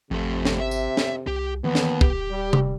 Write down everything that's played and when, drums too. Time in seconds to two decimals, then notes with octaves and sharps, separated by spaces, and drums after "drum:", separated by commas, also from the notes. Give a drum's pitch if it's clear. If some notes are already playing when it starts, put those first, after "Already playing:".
0.11 G#1 F2 C3 A3
0.45 drum: snare
0.60 E5
0.71 drum: tambourine
0.97 drum: snare
1.27 C2 G4
1.64 D#2 E3 B3
1.75 drum: snare
2.01 D#1 G4, drum: kick
2.31 G3
2.53 drum: tom C3